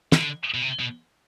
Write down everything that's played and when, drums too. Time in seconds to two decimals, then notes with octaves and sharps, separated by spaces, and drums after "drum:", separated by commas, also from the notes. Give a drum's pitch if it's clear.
0.12 D3, drum: snare
0.54 B2
0.62 C3
0.80 B2